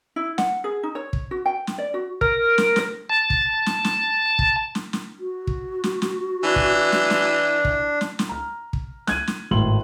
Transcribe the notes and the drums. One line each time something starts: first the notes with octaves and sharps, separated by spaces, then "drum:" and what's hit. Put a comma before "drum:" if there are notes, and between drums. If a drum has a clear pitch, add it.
E4
F#5, drum: snare
G#4
D#4
C#5
drum: kick
F#4
G5
drum: snare
D5
F#4
A#4, drum: kick
drum: snare
drum: snare
A5
drum: kick
drum: snare
drum: snare
drum: kick
drum: snare
drum: snare
F#4
drum: kick
drum: snare
drum: snare
E3 D4
drum: kick
drum: snare
drum: snare
drum: kick
drum: snare
drum: snare
A#5 F6
drum: kick
F#6 G#6 D#7, drum: snare
drum: snare
G#1 A2 C6 F#7